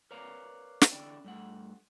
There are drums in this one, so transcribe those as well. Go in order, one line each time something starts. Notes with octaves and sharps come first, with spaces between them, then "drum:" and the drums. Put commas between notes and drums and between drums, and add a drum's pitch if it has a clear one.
A#4 B4 C#5 D5 F5 A#5
drum: snare
D3 C#4 E4 D5 G5
G2 A3 F#5